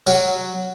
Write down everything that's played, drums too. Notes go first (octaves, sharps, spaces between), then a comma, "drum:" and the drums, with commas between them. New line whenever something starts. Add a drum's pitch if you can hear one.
F#3, drum: tambourine